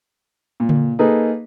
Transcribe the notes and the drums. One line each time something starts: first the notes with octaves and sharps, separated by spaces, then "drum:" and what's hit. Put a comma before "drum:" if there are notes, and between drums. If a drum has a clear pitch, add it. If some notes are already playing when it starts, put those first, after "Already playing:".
A#2
drum: tom C#3
A#3 D#4 G#4 A4 B4